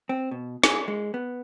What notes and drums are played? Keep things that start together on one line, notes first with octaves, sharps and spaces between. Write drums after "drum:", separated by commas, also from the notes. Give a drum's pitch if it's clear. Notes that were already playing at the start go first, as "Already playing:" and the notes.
C4
B2
G#4, drum: snare
G#3
B3